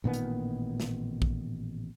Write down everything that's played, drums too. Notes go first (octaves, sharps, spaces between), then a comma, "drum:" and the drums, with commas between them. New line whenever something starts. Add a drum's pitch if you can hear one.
A1 A#2 D#3 B3
drum: hi-hat
drum: snare
drum: kick A#1